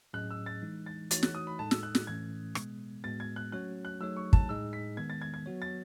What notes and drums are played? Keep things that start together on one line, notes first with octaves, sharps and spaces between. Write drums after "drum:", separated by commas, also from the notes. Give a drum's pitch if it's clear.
A2 F#3 C#4 G#4 D#5 F#6
E6
A6
E3 G#3 D#4
A6
E3 A3 D#4 F#4 C#5 A6, drum: hi-hat
F#6, drum: snare
D#6
B5
A2 G#3 D#4 A4 A5
E6, drum: snare
F#6
F#6, drum: snare
A2 E3 A3 C#4 G#6
B2 G#3 B3, drum: rim click
A2 G#3 B3 F#4 A6
G#6
F#6
F#3 A3 C#4 F#4 C#5 F#6
F#6
F#3 A3 D#4 G#4 C#5 E6
C#6
A5, drum: kick
A2 G#3 D#4 G#4 D#5 E6
B6
D#3 G#3 B3 G#6
A6
G#6
G#6
F#3 B3 F#4 C#5
A6